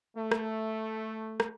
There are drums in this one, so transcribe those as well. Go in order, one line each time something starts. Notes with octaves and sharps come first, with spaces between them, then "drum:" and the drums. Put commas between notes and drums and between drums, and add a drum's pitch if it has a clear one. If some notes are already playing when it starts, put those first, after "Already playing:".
A3
drum: rim click
drum: rim click